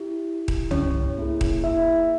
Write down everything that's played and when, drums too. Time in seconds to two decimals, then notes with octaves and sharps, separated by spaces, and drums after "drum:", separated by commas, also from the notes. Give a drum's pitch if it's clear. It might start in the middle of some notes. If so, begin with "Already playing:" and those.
Already playing: E4 G4
0.48 drum: kick D#1
0.71 C#4 C#5, drum: tom
1.17 A#3 E4 G#4
1.41 drum: kick D#1
1.63 E4 E5